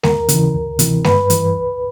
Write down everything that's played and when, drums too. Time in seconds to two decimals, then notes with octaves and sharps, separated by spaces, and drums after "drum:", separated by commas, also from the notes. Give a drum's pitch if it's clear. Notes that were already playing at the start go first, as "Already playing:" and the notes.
0.03 D#2 A#4, drum: snare G#3
0.29 C#3 E3, drum: hi-hat
0.54 D2
0.79 C3 E3, drum: hi-hat
1.04 G2 B4, drum: snare G#3
1.30 E3, drum: hi-hat
1.55 C#2